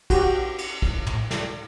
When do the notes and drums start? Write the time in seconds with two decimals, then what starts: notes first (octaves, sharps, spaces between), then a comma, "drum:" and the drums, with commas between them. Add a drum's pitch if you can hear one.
0.10 F#4 G4, drum: kick, cymbal
0.58 drum: cymbal
0.82 drum: kick
1.06 drum: tom
1.31 drum: snare